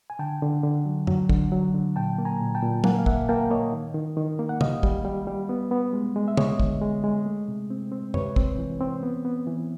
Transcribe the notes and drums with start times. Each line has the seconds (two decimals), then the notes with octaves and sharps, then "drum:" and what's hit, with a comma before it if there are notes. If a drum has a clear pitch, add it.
0.10 G#5
0.19 D3 G5 A5
0.42 D3
0.64 D3
0.85 F#3
1.07 F#3, drum: tom F#2
1.29 D3, drum: kick
1.52 F#3
1.74 D3
1.96 A#2 G5 A5
2.18 A#3
2.25 G#5 A#5
2.40 A#2
2.55 G5 A5
2.62 A#2
2.84 A#3 F#5 G#5, drum: tom
2.99 F5
3.06 A#3 E5 F#5, drum: kick
3.29 A#3 G5 A5
3.50 A#3 C#5 D#5
3.72 D#3
3.95 D#3
4.17 D#3
4.39 A#3
4.49 F#5
4.61 G3 D#5 F5, drum: tom
4.83 G3, drum: kick
5.05 G3
5.27 G3
5.49 B3
5.71 B3
5.93 G#3
6.16 G#3
6.28 E5
6.37 G#3 C#5 D#5, drum: tom
6.60 D3, drum: kick
6.81 G#3
7.04 G#3
7.26 A3
7.48 C3
7.70 C4
7.92 C4
8.14 C3 B4 C#5, drum: tom F#2
8.36 C4, drum: kick
8.58 E3
8.80 C4
9.03 B3
9.25 B3
9.47 E3